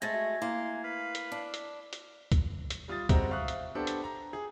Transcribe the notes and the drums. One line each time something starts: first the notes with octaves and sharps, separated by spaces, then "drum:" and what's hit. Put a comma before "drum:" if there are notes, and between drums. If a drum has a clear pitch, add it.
G#3 A3 E5 G#5 A6 A#6
F#4 E5
A#3 E4 C6
B4 F5
drum: hi-hat
D4
drum: hi-hat
drum: hi-hat
drum: kick C2, hi-hat
drum: hi-hat
G3 F4 D#6 A6
G3 G#3 C4 F#4 A#5, drum: kick C2, hi-hat
E5 F5 C#6 D#6 F#6
drum: hi-hat
B3 D4 G4 A4 C5
drum: hi-hat
A#5
G#4